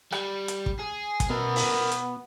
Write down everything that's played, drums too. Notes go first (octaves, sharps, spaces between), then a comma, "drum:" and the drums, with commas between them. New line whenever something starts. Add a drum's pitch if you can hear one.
G3, drum: rim click
drum: hi-hat
drum: kick
G#4
drum: kick, hi-hat
B2 B3 A#4 E5
drum: open hi-hat
B2
drum: hi-hat